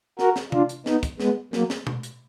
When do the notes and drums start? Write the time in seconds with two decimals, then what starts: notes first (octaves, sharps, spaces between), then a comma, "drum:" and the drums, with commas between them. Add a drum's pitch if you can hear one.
0.19 F#4 A#4, drum: snare
0.36 drum: snare
0.52 D4 F4, drum: tom C3
0.69 drum: hi-hat
0.86 B3 D#4, drum: snare
1.03 drum: kick, hi-hat
1.20 G#3 B3, drum: snare
1.53 F#3 A#3, drum: snare
1.70 drum: snare
1.87 drum: tom B2
2.03 drum: hi-hat